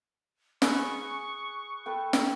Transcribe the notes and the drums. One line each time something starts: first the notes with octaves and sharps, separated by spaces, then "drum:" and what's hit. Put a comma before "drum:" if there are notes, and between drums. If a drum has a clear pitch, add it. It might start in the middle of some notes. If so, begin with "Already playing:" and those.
G#4 B4 C#6, drum: snare
A4 B4 G5
drum: snare